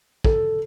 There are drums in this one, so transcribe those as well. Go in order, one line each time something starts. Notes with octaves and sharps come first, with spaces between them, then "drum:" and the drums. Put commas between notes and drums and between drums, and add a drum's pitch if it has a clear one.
A4, drum: kick